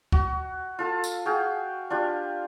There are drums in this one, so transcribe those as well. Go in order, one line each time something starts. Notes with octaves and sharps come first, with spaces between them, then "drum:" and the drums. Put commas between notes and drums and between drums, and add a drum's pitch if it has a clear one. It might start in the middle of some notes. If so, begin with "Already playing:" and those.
F#4, drum: kick
F4 A4 A5
drum: tambourine
F#4 G#4 F5 G5
D4 F4 G4